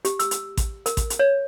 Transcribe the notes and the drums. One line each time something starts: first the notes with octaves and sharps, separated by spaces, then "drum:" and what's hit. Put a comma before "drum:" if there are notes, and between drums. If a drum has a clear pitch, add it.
G4, drum: hi-hat
E6, drum: hi-hat
drum: hi-hat
drum: kick A1, hi-hat
A#4, drum: hi-hat
drum: kick A1, hi-hat
drum: hi-hat
C#5